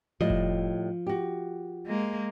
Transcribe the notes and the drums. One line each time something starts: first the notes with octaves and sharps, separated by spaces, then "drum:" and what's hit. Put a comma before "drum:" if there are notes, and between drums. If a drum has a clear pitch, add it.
A2 F3 G3 D#5
drum: kick F1
F#4 G4
G#3 A#3